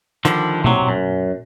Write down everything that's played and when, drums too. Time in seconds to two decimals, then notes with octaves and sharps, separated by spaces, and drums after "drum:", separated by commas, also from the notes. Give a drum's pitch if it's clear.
0.25 D3 D#3 F3 G3, drum: hi-hat
0.64 C3 F#3, drum: tom B2
0.89 F#2